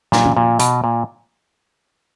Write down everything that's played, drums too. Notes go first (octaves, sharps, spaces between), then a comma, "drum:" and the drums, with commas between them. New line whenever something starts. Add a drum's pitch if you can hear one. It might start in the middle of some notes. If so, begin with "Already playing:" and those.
A#2, drum: snare
drum: tom
A#2
B2, drum: hi-hat
A#2